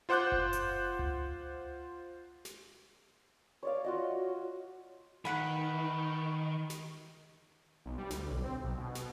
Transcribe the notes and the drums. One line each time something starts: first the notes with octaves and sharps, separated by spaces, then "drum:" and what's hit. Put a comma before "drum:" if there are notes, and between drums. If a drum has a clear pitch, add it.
F4 C5 F#5 D6 F#6 G6
drum: kick F#1
drum: hi-hat
drum: tom C#2
drum: snare
C#5 D5 F5
F4 F#4 D#5
D#3 B4 F#5 B5
drum: snare
B1
G3
D2, drum: snare
B1
C4
B1
B2
B2, drum: snare